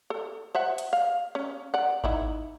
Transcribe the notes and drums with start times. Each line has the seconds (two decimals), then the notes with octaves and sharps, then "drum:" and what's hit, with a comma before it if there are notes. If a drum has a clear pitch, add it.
0.10 A4
0.55 C5 E5 F#5
0.78 drum: hi-hat
0.93 F5
1.35 C#4
1.74 D5 F#5
2.04 D#4 E4 B5, drum: kick G#1